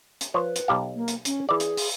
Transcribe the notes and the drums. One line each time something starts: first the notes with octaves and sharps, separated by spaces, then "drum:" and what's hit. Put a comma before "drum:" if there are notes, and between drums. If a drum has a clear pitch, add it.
drum: hi-hat
F3 B4 C#5
drum: hi-hat
B1 G4 F5
A#3
drum: hi-hat
C#4, drum: hi-hat
E3 G#4 D5
drum: hi-hat
drum: open hi-hat